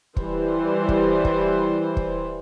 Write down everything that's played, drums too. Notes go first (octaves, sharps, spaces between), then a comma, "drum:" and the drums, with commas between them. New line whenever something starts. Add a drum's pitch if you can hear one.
E3 G3 C5, drum: kick
drum: kick
drum: kick
drum: kick